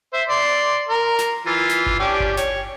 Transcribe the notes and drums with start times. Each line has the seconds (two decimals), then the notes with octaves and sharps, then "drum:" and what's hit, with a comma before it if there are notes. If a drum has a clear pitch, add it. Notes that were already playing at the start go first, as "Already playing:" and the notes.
0.13 C5 E5
0.29 D5 C6
0.89 A#4
1.19 drum: snare
1.46 E3 F4
1.69 drum: snare
1.86 drum: kick G1
1.99 C#4 D4 G4
2.20 drum: kick G1
2.37 C#5, drum: snare